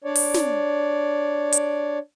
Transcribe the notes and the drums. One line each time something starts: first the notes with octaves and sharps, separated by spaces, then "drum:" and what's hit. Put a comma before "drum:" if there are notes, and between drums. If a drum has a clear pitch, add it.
D4 C#5 D5
drum: open hi-hat
drum: snare
drum: hi-hat